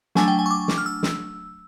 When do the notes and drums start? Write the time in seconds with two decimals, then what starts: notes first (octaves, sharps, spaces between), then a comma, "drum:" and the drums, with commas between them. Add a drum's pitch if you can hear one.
0.15 F#3 A3 D4 G#5, drum: snare
0.28 G5
0.39 G#5
0.46 C#6
0.51 D6
0.68 drum: snare
0.78 F6
0.86 E6
1.03 drum: snare